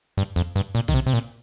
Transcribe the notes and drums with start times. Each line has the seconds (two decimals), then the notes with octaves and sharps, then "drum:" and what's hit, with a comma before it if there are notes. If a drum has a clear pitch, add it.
0.17 G2
0.36 F2
0.56 G2
0.75 A#2
0.88 D#3, drum: kick A#1
0.94 C3
1.06 C3
1.13 A#2